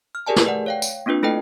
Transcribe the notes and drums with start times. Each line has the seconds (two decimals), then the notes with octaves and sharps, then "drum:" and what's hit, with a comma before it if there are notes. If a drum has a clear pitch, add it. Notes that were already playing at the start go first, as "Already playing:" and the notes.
0.15 F6
0.26 G4 G#4 A#4 D5 G#5 A5
0.36 drum: snare
0.46 B4 D5 F#5
0.66 C#5 F5 G5
0.82 drum: tambourine
1.06 A#3 C4 D4 F4 B4
1.23 A3 E4 A4 B4 D#5 G5